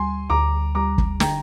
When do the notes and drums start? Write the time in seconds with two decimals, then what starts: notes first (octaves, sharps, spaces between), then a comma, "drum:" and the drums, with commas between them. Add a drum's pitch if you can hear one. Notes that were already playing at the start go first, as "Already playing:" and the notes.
Already playing: D2 G3 G#5 C6
0.30 D2 A#5 D6
0.75 G3 A#5 D6
0.98 drum: kick
1.20 D3 G5 A#5, drum: snare